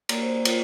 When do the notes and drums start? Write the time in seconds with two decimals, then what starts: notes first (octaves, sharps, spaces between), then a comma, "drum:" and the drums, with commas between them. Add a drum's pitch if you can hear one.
0.09 A#3 D5, drum: cymbal
0.22 C5
0.34 D5
0.45 F4, drum: cymbal